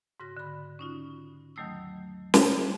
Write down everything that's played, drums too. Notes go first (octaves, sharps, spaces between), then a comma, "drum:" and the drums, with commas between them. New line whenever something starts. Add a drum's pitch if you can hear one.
G#2 C#3 F#4 A#6
D3 B5
C#4 D#4 F4
D#2 D#3 F#3 A3 D#6 E6
drum: snare